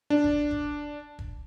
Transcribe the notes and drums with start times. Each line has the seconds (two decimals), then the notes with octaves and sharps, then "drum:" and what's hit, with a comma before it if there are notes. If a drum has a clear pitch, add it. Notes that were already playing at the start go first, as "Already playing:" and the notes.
0.10 D4
0.24 drum: kick
0.51 drum: kick
1.19 drum: kick